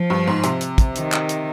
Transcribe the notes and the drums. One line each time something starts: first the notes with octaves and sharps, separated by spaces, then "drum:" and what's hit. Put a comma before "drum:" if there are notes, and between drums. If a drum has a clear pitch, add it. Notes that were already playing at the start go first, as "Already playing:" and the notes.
Already playing: F3
G2
G#2
C3, drum: hi-hat
drum: hi-hat
drum: kick, hi-hat
D#3, drum: hi-hat
drum: clap
drum: hi-hat